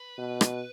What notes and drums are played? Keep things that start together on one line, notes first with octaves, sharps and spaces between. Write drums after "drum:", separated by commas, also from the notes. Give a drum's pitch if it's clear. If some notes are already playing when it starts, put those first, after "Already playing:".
Already playing: B4
B2
drum: rim click